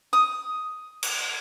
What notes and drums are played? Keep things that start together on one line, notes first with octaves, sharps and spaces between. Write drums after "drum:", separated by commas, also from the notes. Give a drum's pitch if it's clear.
D#6
drum: cymbal